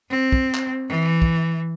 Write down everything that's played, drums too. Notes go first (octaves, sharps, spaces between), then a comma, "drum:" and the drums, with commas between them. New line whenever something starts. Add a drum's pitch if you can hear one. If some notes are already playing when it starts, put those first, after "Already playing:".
C4
drum: kick
drum: clap
E3
drum: kick